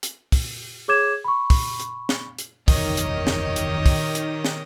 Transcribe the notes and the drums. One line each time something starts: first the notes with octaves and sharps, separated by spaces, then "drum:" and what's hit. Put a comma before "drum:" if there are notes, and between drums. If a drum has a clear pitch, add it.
drum: hi-hat
drum: kick, open hi-hat
G#4 C#5 D6 G#6 E7
B5 C#6
drum: kick, open hi-hat
drum: hi-hat
drum: snare
drum: hi-hat
F#1 B1 E2 D#3 G4 C#5 D#5, drum: kick, open hi-hat
drum: hi-hat
drum: snare
drum: hi-hat
drum: kick, open hi-hat
drum: hi-hat
drum: snare